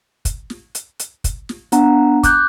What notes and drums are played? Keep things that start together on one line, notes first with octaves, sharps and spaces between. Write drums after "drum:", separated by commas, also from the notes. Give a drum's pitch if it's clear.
drum: kick, hi-hat
drum: snare
drum: hi-hat
drum: hi-hat
drum: kick, hi-hat
drum: snare
B3 D4 F#5 A#5, drum: hi-hat
D6 F#6 G6, drum: kick, hi-hat